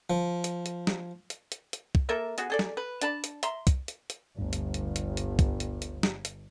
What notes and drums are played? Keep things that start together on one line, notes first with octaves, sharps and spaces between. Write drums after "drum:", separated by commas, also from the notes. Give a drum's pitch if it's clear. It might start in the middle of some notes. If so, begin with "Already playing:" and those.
F3
drum: hi-hat
drum: hi-hat
drum: snare
drum: hi-hat
drum: hi-hat
drum: hi-hat
drum: kick
A#3 A4 A#4 E5
B3 F#4 G#4, drum: hi-hat
G#4 A4 D5
drum: snare
B4
D4 D5 A5 B5, drum: hi-hat
drum: hi-hat
E5 A#5 C6, drum: hi-hat
drum: kick, hi-hat
drum: hi-hat
drum: hi-hat
G1 D2 G2
drum: hi-hat
drum: hi-hat
drum: hi-hat
drum: hi-hat
drum: kick, hi-hat
drum: hi-hat
drum: hi-hat
drum: snare
drum: hi-hat